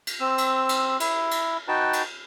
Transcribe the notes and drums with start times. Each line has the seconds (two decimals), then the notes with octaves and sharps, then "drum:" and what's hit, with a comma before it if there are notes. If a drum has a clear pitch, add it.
0.07 drum: cymbal
0.20 C4 E6
0.38 drum: cymbal
0.69 drum: cymbal
1.00 E4, drum: cymbal
1.31 drum: cymbal
1.68 D#4 F#4 B4 G5 A5
1.93 drum: cymbal